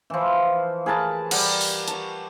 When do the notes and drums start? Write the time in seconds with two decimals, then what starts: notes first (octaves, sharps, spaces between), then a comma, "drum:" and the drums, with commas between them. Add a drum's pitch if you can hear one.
0.10 E3 F3
0.86 G#4 A#4 B4 A5
1.31 G3 F#5, drum: cymbal
1.61 drum: open hi-hat
1.88 A5 C#6, drum: hi-hat